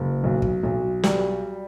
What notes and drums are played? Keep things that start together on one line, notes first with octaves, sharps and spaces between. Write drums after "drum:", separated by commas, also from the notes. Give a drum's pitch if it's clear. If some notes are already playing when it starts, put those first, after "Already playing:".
Already playing: F#1
B1
drum: kick
B1
G3, drum: snare